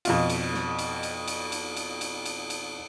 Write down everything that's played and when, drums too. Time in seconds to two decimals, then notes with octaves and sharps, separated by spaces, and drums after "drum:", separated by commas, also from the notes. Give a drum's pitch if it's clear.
0.05 F2 B2 F4, drum: cymbal
0.30 drum: cymbal
0.54 drum: snare
0.79 drum: cymbal
1.03 drum: cymbal
1.28 drum: cymbal
1.52 drum: cymbal
1.76 drum: cymbal
2.01 drum: cymbal
2.25 drum: cymbal
2.50 drum: cymbal